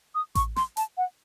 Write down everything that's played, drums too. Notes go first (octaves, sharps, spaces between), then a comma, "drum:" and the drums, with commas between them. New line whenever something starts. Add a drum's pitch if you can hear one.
D#6
C#6, drum: kick A1, hi-hat
C6, drum: snare
A5, drum: hi-hat
F#5